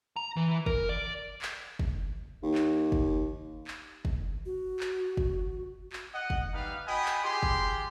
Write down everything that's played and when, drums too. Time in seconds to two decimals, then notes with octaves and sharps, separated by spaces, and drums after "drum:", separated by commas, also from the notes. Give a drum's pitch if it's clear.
0.16 A#5
0.37 E3
0.66 A#4, drum: kick
0.89 D5
1.42 drum: clap
1.79 drum: kick
2.43 D#2
2.55 drum: clap
2.92 drum: kick
3.67 drum: clap
4.05 drum: kick
4.46 F#4
4.80 drum: clap
5.17 drum: kick
5.92 drum: clap
6.14 D#5 F#5
6.30 drum: kick
6.53 G3 D#4 B4 F5
6.87 F#4 D#5 G5 G#5 B5
7.05 drum: clap
7.24 F4 G4 G#4 C6
7.43 drum: kick